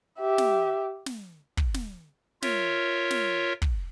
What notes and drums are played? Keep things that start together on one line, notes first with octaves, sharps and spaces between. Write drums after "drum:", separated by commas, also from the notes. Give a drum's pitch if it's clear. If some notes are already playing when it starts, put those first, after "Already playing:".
G4 E5
drum: snare
drum: snare
drum: kick
drum: snare
F4 A#4 C#5 E5, drum: snare
drum: snare
drum: kick